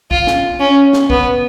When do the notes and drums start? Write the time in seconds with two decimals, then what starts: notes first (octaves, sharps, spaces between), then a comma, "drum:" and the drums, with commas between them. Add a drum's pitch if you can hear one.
0.11 F4, drum: kick
0.27 drum: snare
0.60 C#4
0.93 drum: snare
1.10 B3, drum: kick